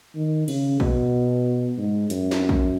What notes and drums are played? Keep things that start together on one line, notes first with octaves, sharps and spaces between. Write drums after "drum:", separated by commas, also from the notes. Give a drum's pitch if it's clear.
D#3
C#3, drum: cymbal
B2, drum: kick A#1
G#2
F#2, drum: hi-hat
drum: snare
drum: kick A#1